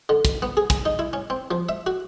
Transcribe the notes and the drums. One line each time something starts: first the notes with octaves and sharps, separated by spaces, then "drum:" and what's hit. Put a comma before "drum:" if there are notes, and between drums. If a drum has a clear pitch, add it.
D3
drum: kick, hi-hat
B3
G#4
G#5, drum: kick, hi-hat
D#4
E4
C#4
C4
F3
E5
F#4